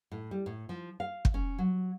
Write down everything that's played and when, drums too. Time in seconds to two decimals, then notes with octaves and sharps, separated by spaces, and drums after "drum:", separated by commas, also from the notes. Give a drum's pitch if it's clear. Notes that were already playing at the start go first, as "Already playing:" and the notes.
0.12 A2
0.31 G3
0.46 A2
0.69 F3
1.00 F5
1.25 drum: kick
1.34 C#4
1.59 F#3